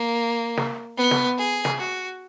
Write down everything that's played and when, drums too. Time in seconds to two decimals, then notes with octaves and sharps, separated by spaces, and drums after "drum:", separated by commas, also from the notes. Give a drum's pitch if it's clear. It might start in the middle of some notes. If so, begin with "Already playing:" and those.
Already playing: A#3
0.57 drum: snare
0.98 B3
1.11 drum: snare
1.38 G#4
1.65 drum: snare
1.78 F#4